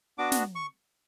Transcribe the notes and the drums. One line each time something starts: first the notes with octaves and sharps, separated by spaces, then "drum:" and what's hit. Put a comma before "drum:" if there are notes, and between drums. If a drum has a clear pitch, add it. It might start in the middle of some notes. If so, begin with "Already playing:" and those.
B3 D4 F#4 D6
drum: snare
C#6